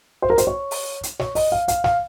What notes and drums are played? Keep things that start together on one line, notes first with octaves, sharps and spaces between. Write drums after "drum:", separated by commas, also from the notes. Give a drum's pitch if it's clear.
C5
A#4
C5, drum: hi-hat
C#5
drum: open hi-hat
drum: hi-hat
C#5, drum: snare
D#5, drum: open hi-hat
F5
F5, drum: hi-hat
F5, drum: snare